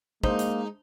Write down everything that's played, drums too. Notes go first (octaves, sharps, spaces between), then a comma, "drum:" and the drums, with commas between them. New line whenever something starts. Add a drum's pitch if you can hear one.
G#3 A#3 D#4 C5, drum: kick
drum: hi-hat